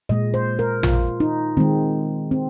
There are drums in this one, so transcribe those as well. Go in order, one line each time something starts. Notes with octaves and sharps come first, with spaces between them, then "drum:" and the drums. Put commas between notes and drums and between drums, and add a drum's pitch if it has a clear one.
A#2 G#3 D#5
C5
A#4
F4, drum: tom
D#4
D#3 G#3 C4
C4